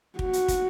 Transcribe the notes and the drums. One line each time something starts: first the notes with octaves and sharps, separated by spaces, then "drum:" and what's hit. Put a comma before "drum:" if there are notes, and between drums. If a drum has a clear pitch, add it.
F#4, drum: kick
drum: hi-hat
drum: kick, hi-hat